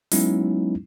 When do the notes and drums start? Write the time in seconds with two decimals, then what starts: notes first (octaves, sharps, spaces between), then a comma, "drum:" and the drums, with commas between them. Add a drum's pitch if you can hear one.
0.12 F#3 G#3 B3 C#4 D#4 E4, drum: open hi-hat